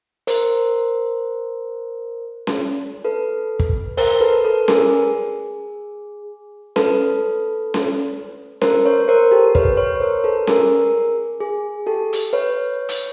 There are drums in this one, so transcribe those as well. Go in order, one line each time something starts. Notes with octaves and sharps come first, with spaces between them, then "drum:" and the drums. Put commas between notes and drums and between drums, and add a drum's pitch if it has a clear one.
A#4 C5, drum: hi-hat
drum: snare C#4
A4 B4
drum: kick
A#4 C5, drum: open hi-hat
A4 B4
A4 B4
G#4 A#4, drum: snare C#4
G#4
A4 B4, drum: snare C#4
drum: snare C#4
A#4 C5, drum: snare C#4
B4 C#5
A#4 C5
G4 A4
B4 C#5, drum: kick
B4 C#5
C#5
A#4 C5
A4 B4
G#4 A#4, drum: snare C#4
G#4
G4 A4
drum: hi-hat
B4 C#5
drum: hi-hat